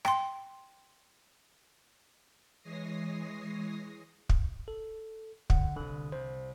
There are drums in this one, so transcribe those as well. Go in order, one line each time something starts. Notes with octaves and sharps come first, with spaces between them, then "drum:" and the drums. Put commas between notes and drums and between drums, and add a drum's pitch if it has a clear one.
G5 C6, drum: rim click
E3 G#3 C#5 D#6 A#6 C7
drum: kick
A4
D3 F#5, drum: kick
C2 D3 D#6 F#6
C2 C5